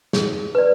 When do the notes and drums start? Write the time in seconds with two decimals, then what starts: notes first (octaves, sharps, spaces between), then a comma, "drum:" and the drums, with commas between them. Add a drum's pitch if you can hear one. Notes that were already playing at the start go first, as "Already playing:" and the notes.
0.13 G#4, drum: snare
0.55 B4 D5